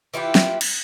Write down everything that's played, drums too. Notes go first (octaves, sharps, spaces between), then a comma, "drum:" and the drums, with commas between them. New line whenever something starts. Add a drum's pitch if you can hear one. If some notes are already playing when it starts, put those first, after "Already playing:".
E3 E4 F4 G4
drum: snare
drum: cymbal